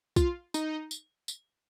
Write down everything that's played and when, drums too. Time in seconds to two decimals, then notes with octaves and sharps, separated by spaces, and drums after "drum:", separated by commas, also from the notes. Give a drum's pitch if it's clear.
0.16 F4, drum: kick, tambourine
0.54 D#4, drum: tambourine
0.91 drum: tambourine
1.28 drum: tambourine